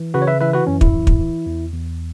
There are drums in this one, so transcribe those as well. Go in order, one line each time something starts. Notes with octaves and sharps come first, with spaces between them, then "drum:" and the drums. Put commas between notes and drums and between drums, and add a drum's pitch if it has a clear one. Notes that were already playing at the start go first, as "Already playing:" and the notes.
Already playing: E3
C#3 F#4 B4
C#5
B4 E5
E3 B4 E5
F#4 B4
F#2 C#4
E4, drum: kick
E3
drum: kick
E3
E2
E2